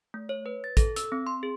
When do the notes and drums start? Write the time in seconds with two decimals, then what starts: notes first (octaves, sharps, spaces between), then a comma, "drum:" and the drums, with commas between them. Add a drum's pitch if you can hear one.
0.14 A3
0.29 C#5
0.46 B4
0.64 A6
0.77 A4, drum: kick, hi-hat
0.96 E6, drum: hi-hat
1.12 C4
1.27 C6
1.43 G#4